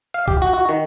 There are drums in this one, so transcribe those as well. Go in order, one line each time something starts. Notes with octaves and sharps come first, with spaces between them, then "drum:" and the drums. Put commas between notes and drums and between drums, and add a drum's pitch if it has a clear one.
F5
G4, drum: kick
F#4
F#4
D#3